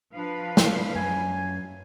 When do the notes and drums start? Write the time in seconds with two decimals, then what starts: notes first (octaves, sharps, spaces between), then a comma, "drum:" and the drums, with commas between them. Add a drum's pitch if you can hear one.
0.14 F3 D4 B4 F5
0.57 drum: snare
0.95 F#2 G#5